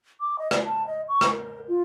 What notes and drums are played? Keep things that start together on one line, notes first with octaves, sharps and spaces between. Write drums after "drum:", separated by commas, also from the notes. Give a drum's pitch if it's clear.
D6
D#5
D5, drum: rim click
A5
D#5
C#6
drum: rim click
A#4
F4